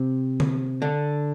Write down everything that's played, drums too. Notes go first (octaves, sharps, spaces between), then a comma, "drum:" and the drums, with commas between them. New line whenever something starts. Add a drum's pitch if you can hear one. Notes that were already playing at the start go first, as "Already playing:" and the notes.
Already playing: C3 C4
drum: tom D3
D3 D4